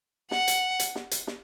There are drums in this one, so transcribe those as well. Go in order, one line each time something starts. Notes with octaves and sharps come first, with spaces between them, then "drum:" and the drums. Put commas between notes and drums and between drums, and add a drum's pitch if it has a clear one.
F#5, drum: snare
drum: hi-hat
drum: hi-hat
drum: snare
drum: hi-hat
drum: snare